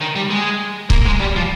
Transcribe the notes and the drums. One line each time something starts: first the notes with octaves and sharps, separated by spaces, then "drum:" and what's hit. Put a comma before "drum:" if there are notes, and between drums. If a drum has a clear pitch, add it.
D#3
G3
G#3
A#3, drum: kick C#1
G#3
G3
F3